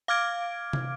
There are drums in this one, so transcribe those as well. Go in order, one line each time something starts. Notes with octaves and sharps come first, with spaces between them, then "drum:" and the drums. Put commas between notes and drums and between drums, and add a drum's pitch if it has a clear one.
F5 D6 F6 G#6 D7
drum: tom